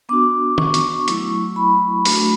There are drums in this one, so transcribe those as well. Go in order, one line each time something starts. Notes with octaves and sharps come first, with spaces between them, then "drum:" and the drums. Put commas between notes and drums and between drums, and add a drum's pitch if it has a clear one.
B3 D4 F#4 D6
C#6, drum: tom D#3
drum: hi-hat
F#3 A3 E4, drum: hi-hat
B5
A3 D4 F#4, drum: open hi-hat